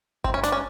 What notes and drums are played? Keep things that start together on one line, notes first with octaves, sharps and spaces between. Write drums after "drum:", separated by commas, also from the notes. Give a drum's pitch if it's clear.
C4, drum: kick G1
C#4
D4, drum: snare
C#4